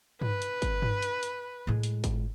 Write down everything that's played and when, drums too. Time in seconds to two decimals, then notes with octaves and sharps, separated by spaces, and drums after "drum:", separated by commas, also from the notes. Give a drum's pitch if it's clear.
0.21 B4, drum: tom G2
0.42 drum: hi-hat
0.62 drum: kick G1, hi-hat
0.82 drum: tom G2
1.02 drum: hi-hat
1.23 drum: hi-hat
1.67 A2 G#3
1.83 drum: hi-hat
2.04 drum: kick G1, hi-hat